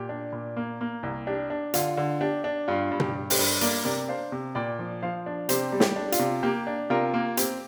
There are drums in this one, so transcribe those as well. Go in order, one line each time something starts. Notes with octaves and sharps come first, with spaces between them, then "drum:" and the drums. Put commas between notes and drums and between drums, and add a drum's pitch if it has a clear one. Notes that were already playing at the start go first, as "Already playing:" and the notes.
Already playing: A#2 G4
D4
A#2
A#3
A#3
C2
D4 G4
D4
D3 F4, drum: hi-hat
D3
D4 G4
D4
G2 F4
G2
G4, drum: tom B2
G2
G4 C5, drum: open hi-hat
G2
A#3 A#4 D5, drum: hi-hat
C3 A#4 D5
D4 C5 F5
C3
A#2 D5 G5
F3
F3 C5 F5
D4
C3 G4 C5, drum: hi-hat
G3
G4, drum: snare
D4
F4, drum: hi-hat
C3
A#3 G4
D4
C3 F4 A#4
A#3
C4 G4, drum: hi-hat